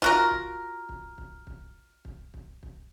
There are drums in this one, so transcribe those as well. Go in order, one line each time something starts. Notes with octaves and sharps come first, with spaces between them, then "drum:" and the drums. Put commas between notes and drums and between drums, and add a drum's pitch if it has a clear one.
F4 F#4 A#4, drum: kick
drum: kick
drum: kick
drum: kick
drum: kick
drum: kick
drum: kick
drum: kick